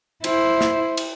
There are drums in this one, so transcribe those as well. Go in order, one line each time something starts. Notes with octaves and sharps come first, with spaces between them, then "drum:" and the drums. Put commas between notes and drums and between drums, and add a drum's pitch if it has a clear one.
E4 C5, drum: cymbal
drum: snare
drum: cymbal